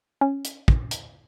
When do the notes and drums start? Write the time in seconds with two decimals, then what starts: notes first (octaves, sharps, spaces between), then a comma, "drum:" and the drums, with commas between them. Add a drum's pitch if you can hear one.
0.21 C#4
0.45 drum: hi-hat
0.68 drum: kick
0.91 drum: hi-hat